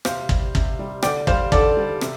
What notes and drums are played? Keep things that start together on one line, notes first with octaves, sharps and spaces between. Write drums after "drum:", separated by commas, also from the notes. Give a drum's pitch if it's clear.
C3 C5 F5, drum: rim click
G3, drum: kick
C3, drum: kick
G3
D3 D5 G5, drum: rim click
G3 C5 F5, drum: kick
D3 A4 D5, drum: kick
G3
C3, drum: rim click